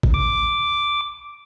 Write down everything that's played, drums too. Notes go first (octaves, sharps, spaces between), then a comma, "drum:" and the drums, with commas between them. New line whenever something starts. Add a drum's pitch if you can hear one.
drum: kick
D6